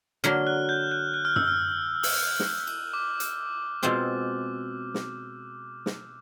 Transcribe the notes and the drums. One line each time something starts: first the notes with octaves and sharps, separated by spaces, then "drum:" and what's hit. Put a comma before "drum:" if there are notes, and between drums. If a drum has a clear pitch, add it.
D3 F#3 A#3 F6
F#6
G6
F#6
F#6
F6
E6, drum: tom F#2
F6
E6, drum: open hi-hat
drum: snare
drum: cymbal
D6
drum: hi-hat
B2 G#3 C4 F4
drum: snare
drum: snare